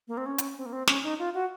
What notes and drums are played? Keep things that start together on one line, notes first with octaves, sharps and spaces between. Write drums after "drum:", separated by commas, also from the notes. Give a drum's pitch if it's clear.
A#3
C4
C#4
drum: hi-hat
C4
A#3
C4
C#4, drum: snare
D#4
F4
F#4